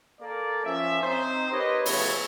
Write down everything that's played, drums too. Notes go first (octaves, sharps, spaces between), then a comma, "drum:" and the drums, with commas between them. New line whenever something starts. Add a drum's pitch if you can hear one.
A#3 A4 A#4 D5
F3 C#4 E5
C4 D#4 C5
G4 A#4 B4 C#5 D#5
C#3 F3 A3 B3 C#5, drum: open hi-hat